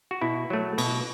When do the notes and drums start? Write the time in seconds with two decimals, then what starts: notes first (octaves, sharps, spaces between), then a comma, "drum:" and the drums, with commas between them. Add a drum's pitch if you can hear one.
0.11 F#4
0.21 B2 E4
0.50 F#3 A3
0.78 B2, drum: cymbal